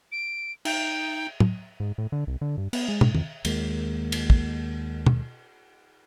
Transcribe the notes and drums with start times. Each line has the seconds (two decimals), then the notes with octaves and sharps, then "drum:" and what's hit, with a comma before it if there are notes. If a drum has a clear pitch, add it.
0.12 D7
0.65 D#4 G5, drum: cymbal
1.40 drum: tom
1.80 G#2
1.98 A2
2.12 D3
2.27 C2
2.41 D3
2.58 G2
2.73 B3, drum: cymbal
2.88 G#3
3.01 A2, drum: tom
3.15 F2, drum: tom
3.45 D#2 G#3 A#3, drum: cymbal
4.12 drum: cymbal
4.30 drum: kick
5.06 drum: tom